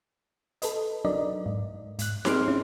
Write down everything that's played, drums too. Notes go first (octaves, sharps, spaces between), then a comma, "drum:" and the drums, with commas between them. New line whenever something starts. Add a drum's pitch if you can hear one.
A4 B4 D#5, drum: hi-hat
F#3 D4 D#4 A#4 D5 D#5
G#2
G#2 F#6, drum: hi-hat
C4 G#4 C6 F6 D7, drum: snare D#4
C#4 E4